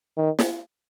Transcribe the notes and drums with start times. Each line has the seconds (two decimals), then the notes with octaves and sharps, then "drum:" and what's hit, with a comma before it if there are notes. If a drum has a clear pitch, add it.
0.17 D#3
0.39 drum: snare